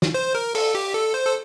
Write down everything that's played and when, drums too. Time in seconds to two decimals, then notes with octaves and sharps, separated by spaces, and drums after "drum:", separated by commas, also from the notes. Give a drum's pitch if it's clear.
0.02 drum: snare
0.14 C5
0.35 A#4
0.55 A4, drum: cymbal
0.75 G4
0.94 A4
1.14 C5
1.26 A4